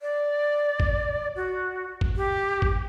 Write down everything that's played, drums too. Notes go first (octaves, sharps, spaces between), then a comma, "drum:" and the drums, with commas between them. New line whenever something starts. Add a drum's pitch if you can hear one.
D5
drum: kick
F#4
drum: kick
G4
drum: kick